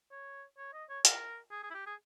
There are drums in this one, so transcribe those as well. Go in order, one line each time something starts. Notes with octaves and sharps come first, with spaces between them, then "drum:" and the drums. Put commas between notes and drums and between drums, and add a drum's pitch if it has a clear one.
C#5
C#5
D#5
C#5
A#4, drum: hi-hat
G#4
G#4
E4
G4
G#4